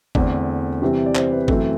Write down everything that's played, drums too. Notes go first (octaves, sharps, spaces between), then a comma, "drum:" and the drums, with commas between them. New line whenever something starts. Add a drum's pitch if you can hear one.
E2 D3 A3 C4, drum: kick G1
C3 E3 G3 C4
D5
C5, drum: clap
B4
B4
F#2 E3 A3 C4 A4, drum: kick G1